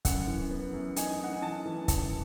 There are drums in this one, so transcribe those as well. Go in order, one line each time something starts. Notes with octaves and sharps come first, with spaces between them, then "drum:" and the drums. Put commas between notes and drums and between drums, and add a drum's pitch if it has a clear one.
F#2 F#5, drum: kick C#1, hi-hat
E3
B3
F#2
D#4 G#5, drum: hi-hat
D#4 F#5
G#5
E3 A5
E3
F#2 A5, drum: kick C#1, hi-hat